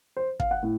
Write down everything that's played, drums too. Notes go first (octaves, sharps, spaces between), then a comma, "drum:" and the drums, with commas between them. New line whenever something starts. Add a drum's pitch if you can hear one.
C5
F5, drum: kick
F#5
A2